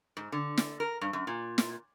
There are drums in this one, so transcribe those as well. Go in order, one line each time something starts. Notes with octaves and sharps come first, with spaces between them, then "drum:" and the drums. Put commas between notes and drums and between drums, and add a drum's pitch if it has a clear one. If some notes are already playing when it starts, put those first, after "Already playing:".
G#2
D3
drum: snare
A#4
G2
F#2
A#2
drum: snare